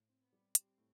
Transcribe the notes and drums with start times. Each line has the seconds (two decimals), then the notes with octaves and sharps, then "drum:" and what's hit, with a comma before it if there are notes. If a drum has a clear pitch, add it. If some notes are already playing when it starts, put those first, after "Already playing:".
Already playing: A2
0.09 C4
0.20 B3
0.33 G3
0.55 C4 G4, drum: hi-hat
0.78 A2